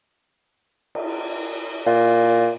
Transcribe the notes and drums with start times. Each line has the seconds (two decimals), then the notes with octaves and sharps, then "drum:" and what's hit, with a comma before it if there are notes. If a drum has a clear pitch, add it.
0.95 drum: cymbal
1.86 A#2